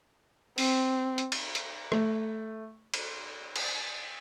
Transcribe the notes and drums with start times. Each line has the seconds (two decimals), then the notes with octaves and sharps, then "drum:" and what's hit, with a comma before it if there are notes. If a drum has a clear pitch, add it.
0.58 C4, drum: open hi-hat
1.18 drum: hi-hat
1.32 drum: cymbal
1.55 drum: hi-hat
1.92 A3, drum: rim click
2.94 drum: cymbal
3.56 drum: cymbal